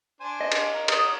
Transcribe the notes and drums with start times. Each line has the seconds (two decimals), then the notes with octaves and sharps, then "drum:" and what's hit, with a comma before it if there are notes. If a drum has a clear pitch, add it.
0.21 D4 C5 G#5
0.41 D#5
0.52 drum: cymbal
0.74 A#4
0.88 A#4 D#6, drum: cymbal